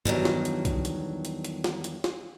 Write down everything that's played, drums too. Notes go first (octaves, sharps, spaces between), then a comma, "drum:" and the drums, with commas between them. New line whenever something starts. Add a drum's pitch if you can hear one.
E2 G2 D#3 F#3, drum: tom G2
drum: snare
drum: hi-hat
drum: kick B1, hi-hat
drum: hi-hat
drum: hi-hat
drum: hi-hat
drum: snare
drum: hi-hat
drum: snare